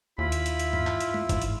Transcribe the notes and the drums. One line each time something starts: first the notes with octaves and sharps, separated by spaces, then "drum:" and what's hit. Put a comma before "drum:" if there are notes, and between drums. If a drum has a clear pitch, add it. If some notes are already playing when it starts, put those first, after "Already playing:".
D#2 E4 F4 B5
drum: hi-hat
drum: hi-hat
drum: hi-hat
drum: tom G2
drum: clap
drum: hi-hat
drum: tom G#3
G#2, drum: kick, hi-hat
drum: hi-hat